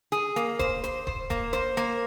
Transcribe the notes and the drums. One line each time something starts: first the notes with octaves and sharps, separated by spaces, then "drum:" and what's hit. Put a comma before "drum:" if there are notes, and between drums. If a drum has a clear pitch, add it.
G#4, drum: hi-hat
A#3, drum: hi-hat
C5, drum: kick D#1, hi-hat
C5, drum: hi-hat
C5, drum: kick D#1
A#3, drum: kick D#1, hi-hat
C5, drum: hi-hat
A#3, drum: hi-hat